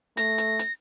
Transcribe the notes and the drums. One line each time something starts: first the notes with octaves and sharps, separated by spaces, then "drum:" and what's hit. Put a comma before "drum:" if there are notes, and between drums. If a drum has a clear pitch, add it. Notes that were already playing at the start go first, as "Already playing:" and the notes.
A3 A#6, drum: hi-hat
drum: hi-hat
drum: hi-hat